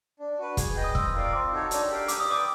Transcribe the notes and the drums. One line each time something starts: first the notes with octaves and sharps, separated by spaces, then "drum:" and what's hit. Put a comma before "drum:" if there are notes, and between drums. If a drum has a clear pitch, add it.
D4
F#4 B4
G#4, drum: kick, hi-hat
B4 D#5 G5
D#6
C4 E6, drum: kick
F4 A#4 D5 F5
C4 D6
D#4 F#4 A4 C#5
D4, drum: hi-hat
G4 A#4 D5 F5
G4 D6, drum: hi-hat
D#6
B4 D5 G5 D6